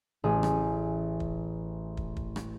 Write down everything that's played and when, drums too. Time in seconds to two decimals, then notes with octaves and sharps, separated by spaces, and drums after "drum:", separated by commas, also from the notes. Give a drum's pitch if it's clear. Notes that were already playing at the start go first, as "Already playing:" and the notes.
0.24 A1 G#4
0.43 drum: rim click
1.20 drum: kick
1.97 drum: kick
2.17 drum: kick
2.36 drum: rim click